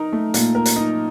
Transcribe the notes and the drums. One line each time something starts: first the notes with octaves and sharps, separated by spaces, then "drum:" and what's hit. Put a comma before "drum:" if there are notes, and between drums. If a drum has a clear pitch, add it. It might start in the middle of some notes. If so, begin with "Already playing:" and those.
Already playing: D#4 A#4
A3
A#2, drum: hi-hat
A#4
drum: hi-hat
D#4